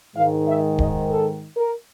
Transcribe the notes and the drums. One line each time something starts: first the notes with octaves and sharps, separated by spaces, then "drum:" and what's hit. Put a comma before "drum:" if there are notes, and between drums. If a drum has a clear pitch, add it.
G#2 D#3 G#3 F5
E5
D#5, drum: kick
A4
A#4